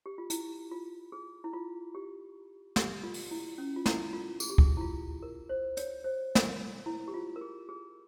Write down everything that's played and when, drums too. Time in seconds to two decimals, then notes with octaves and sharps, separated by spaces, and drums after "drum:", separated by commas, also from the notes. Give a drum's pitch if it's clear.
0.06 G4
0.18 F4
0.30 E4, drum: hi-hat
0.71 F4
1.12 G#4
1.44 E4
1.53 F4
1.95 G4
2.76 G4, drum: snare
3.03 F4
3.14 drum: open hi-hat
3.31 E4
3.58 C#4
3.76 F4
3.86 E4, drum: snare
4.13 F4
4.40 G#4, drum: tambourine
4.50 G4
4.58 G#4, drum: kick D2
4.77 E4
4.81 F4
5.22 A#4
5.49 C5
5.77 C#5, drum: hi-hat
6.04 C5
6.35 drum: snare
6.46 A#4
6.86 E4
7.08 G4
7.14 F4
7.36 A#4
7.41 G#4
7.69 G#4